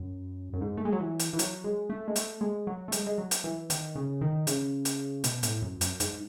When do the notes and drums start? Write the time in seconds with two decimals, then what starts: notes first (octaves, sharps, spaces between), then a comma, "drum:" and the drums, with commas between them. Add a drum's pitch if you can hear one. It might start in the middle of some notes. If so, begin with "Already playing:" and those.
Already playing: F#2
0.53 F#2
0.61 G#2
0.77 A3
0.85 G#3
0.93 F#3
1.00 E3
1.19 drum: hi-hat
1.33 E3
1.39 F#3, drum: hi-hat
1.64 G#3
1.90 A3
2.08 G#3
2.16 A3, drum: hi-hat
2.41 G#3
2.67 F#3
2.88 A3
2.92 G#3, drum: hi-hat
3.07 G#3
3.18 F#3
3.31 drum: hi-hat
3.44 E3
3.70 D#3, drum: hi-hat
3.96 C#3
4.21 D#3
4.47 C#3, drum: hi-hat
4.85 drum: hi-hat
5.24 B2, drum: hi-hat
5.43 A2, drum: hi-hat
5.62 F#2
5.81 F#2, drum: hi-hat
6.00 G#2, drum: hi-hat